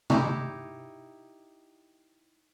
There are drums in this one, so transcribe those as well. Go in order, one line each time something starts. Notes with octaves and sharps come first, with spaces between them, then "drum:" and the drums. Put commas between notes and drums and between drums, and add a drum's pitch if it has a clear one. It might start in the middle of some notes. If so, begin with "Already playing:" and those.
D#4 E4 G4, drum: tom C3